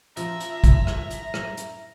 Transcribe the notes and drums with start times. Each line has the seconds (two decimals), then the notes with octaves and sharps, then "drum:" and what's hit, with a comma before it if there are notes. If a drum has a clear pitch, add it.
0.17 F3 E5 A#5, drum: hi-hat
0.40 drum: hi-hat
0.64 drum: kick, hi-hat
0.87 drum: rim click
1.10 drum: hi-hat
1.34 drum: rim click
1.57 drum: hi-hat